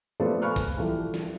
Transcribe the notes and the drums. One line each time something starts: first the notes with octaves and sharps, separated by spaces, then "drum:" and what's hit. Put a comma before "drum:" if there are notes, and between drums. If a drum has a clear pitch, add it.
F3 A3 B3 A4 C5 D5
F5 G#5 B5 C#6 F6 F#6
drum: kick A#1, hi-hat
E3 F3 G3 A4
drum: snare